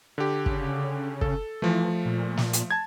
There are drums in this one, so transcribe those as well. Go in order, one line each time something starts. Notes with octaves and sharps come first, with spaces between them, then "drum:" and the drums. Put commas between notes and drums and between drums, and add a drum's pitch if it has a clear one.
D3 G4
C#3, drum: kick
A4, drum: kick
E3 F3 A3
A#2
drum: snare
drum: hi-hat
A5 G#6